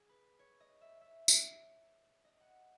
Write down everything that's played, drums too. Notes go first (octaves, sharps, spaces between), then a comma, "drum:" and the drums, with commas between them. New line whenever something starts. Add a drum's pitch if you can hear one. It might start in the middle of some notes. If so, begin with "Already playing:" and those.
Already playing: G#4
B4
C#5
D#5
E5
E5
drum: tambourine
D#5
F#5